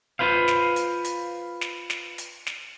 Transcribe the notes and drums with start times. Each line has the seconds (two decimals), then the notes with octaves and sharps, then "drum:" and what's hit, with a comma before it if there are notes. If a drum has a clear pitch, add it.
0.19 F4 B4 C5 F5
0.48 drum: snare
0.76 drum: hi-hat
1.04 drum: hi-hat
1.61 drum: snare
1.90 drum: snare
2.18 drum: hi-hat
2.46 drum: snare